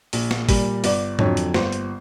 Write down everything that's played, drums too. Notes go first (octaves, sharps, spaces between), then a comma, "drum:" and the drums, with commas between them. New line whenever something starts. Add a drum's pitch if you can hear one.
A#1, drum: open hi-hat
drum: snare
A#2 G3, drum: kick, open hi-hat
G1 D5, drum: open hi-hat
F2 D3 F#3 C#5, drum: tom G#2
drum: hi-hat
G1 C5, drum: snare
drum: hi-hat